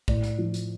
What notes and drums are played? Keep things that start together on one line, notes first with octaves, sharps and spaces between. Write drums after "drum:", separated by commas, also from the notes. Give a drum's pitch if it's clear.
A2 D5, drum: kick
drum: hi-hat
F3
drum: hi-hat